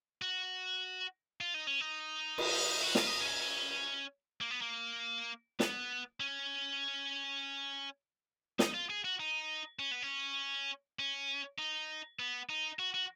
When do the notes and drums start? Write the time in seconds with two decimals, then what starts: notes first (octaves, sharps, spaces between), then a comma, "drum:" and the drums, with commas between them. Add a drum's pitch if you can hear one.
0.22 F#4
1.41 F4
1.54 D#4
1.67 C#4
1.80 D#4
2.38 drum: cymbal
2.82 F#4
2.95 F4, drum: snare
3.07 D#4
3.20 C#4
4.41 A#3
4.51 B3
4.62 A#3
5.60 B3, drum: snare
6.20 C#4
8.59 D#4, drum: snare
8.74 F4
8.90 G#4
9.05 F#4
9.20 D#4
9.79 C#4
9.91 B3
10.02 C#4
10.99 C#4
11.59 D#4
12.19 B3
12.50 D#4
12.79 F#4
12.94 F#4